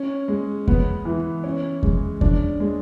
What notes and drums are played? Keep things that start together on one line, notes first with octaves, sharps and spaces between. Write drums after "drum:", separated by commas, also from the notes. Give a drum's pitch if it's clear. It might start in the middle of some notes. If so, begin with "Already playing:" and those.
Already playing: C#4
G#3
B3, drum: kick E2
E3
C#4
G#3, drum: kick E2
D4, drum: kick E2
G#3